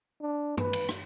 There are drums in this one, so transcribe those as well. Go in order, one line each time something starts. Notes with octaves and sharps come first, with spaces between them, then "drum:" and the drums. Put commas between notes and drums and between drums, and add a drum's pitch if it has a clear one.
D4
B4, drum: tom G2
drum: cymbal
drum: rim click